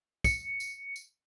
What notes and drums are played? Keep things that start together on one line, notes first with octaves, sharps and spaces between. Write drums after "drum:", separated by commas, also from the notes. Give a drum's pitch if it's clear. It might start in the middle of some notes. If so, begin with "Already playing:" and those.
C#7, drum: kick, tambourine
drum: tambourine
drum: tambourine